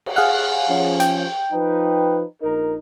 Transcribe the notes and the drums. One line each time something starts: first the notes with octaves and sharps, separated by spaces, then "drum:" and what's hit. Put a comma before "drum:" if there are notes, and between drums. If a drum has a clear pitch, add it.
drum: cymbal
G#4 F5 F#5
F3 C#4
G5, drum: hi-hat
F3 D#4 B4
A#1 D#4 A#4